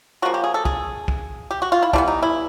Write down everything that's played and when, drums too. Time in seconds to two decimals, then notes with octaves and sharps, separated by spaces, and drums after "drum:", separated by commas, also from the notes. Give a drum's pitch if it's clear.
0.22 C#3 F3 A#3 F#4
0.34 G4
0.44 G#4
0.54 A4
0.65 G#4, drum: kick
1.08 drum: kick
1.51 G4
1.62 F#4
1.72 F4
1.83 E4
1.93 E3 G3 B3 D4, drum: kick
2.08 D#4
2.22 E4